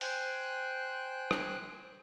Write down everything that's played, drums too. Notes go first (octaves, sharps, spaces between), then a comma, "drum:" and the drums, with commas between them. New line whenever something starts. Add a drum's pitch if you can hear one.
C5 G5 G#5 F#6, drum: open hi-hat
drum: rim click